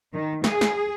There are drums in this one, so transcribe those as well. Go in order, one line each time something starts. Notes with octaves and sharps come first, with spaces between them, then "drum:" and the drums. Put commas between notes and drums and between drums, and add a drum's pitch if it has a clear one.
D#3
G#4, drum: snare
drum: snare